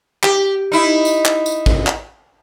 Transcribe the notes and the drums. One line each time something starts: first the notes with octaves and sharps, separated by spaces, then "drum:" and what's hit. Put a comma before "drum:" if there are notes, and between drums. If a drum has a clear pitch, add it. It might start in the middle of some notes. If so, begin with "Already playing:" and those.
G4, drum: clap
D#4 E4
drum: tambourine
drum: clap
drum: tambourine
drum: kick A1
drum: clap